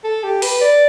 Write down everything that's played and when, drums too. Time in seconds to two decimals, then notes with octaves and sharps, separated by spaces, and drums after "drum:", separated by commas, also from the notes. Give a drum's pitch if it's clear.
0.04 A4
0.23 G4
0.42 B4, drum: open hi-hat
0.61 D5